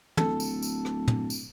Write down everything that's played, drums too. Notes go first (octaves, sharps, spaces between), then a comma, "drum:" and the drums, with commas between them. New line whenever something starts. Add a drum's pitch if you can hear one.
D1 A4, drum: tom
drum: tambourine
drum: tambourine
drum: rim click
drum: tom
drum: tambourine